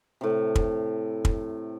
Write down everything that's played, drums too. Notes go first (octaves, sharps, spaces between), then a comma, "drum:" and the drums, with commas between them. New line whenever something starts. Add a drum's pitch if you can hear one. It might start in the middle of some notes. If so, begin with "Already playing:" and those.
A2 C3
drum: kick
drum: kick